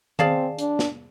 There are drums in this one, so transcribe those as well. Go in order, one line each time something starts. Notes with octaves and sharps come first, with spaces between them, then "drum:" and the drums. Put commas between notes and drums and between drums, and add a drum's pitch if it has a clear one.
C4 G#4 D5 F5 A5, drum: tom D#3
D4, drum: hi-hat
drum: snare